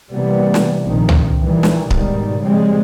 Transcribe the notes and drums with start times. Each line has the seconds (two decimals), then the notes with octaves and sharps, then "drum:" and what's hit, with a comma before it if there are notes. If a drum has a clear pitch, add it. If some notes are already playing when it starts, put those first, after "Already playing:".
0.11 C3 E3 G3 A#3 B3
0.54 drum: snare
0.83 A#1 C3 D#3 F3
1.09 drum: tom C#2
1.42 D#3 E3 G3
1.63 drum: snare
1.90 G#2 B2 D#3 G3, drum: kick C#1
2.41 C#3 F3 G3 G#3 C4